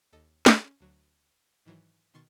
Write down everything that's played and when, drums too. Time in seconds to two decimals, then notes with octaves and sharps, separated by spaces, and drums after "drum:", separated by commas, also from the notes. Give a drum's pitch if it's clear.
0.13 D#2 A4 D#5
0.46 drum: snare
0.64 C#4
0.80 D2 F#3
1.65 G#2 D#3 E3 F#3
2.14 B2 D#3 C6 C#6 A6